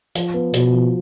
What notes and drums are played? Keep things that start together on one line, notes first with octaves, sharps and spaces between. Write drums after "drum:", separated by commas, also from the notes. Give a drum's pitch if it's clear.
F3, drum: hi-hat
B3
B2 F#4, drum: hi-hat
F3